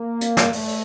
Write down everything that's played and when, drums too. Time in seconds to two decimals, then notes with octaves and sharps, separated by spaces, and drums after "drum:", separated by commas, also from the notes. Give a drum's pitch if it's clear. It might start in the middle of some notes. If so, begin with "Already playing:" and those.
Already playing: A#3
0.21 drum: hi-hat
0.37 drum: snare
0.53 A3, drum: open hi-hat
0.68 drum: open hi-hat